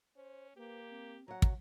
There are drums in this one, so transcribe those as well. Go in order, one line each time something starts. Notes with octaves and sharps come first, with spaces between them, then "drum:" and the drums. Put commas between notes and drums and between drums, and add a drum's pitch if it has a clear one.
C#4 C5
A#3 G4 B4
C4
F#3 C#5 F#5 A#5
drum: kick